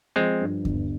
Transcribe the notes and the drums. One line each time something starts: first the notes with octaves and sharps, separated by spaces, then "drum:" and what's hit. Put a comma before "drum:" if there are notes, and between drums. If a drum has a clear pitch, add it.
F3 G#3 C4
G2
G1, drum: kick D#2